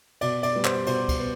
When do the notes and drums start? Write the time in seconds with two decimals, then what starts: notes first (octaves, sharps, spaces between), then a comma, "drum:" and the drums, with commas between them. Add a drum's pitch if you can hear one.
0.21 B2 D5, drum: cymbal
0.43 D5, drum: cymbal
0.55 G3 B3
0.65 C5, drum: clap
0.86 B2 C5, drum: cymbal
1.09 drum: kick, cymbal
1.19 B3